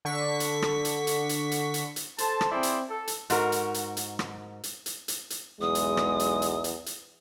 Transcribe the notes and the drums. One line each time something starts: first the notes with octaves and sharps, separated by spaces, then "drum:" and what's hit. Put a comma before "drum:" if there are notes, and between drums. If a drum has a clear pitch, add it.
D3 C#6 B6
drum: hi-hat
drum: rim click
drum: hi-hat
drum: hi-hat
drum: hi-hat
drum: hi-hat
drum: hi-hat
drum: hi-hat
A4 C5 A5, drum: hi-hat
drum: rim click
C4 E4 G#4 C5 D5
drum: hi-hat
A4
drum: hi-hat
G#2 F#4 A#4, drum: hi-hat
drum: hi-hat
drum: hi-hat
drum: hi-hat
drum: rim click
drum: hi-hat
drum: hi-hat
drum: hi-hat
drum: hi-hat
B1 E2 G#3 D#6
drum: hi-hat
drum: rim click
drum: hi-hat
drum: hi-hat
drum: hi-hat
drum: hi-hat